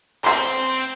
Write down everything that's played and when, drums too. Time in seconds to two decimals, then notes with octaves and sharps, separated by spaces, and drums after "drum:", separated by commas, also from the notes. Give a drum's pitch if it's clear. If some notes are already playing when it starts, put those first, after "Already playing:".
0.25 C4 C5, drum: clap